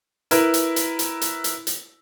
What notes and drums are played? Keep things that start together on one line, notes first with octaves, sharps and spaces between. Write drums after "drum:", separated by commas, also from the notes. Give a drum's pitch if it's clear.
E4 A#4 B4, drum: hi-hat
drum: hi-hat
drum: hi-hat
drum: hi-hat
drum: hi-hat
drum: hi-hat
drum: hi-hat